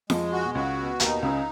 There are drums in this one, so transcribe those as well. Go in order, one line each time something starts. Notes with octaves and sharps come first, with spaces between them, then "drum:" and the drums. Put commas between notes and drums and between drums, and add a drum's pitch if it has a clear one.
F2 F3 G#3, drum: snare
F#4
B2
C#2 C#3 F#4
B2
D#2 D#3 D#4, drum: hi-hat
C#2 C#3 G#3